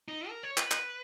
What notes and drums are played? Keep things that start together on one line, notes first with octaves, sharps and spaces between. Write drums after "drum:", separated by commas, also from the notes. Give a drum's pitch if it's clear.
D#4
A#4
C#5
B4, drum: clap
drum: clap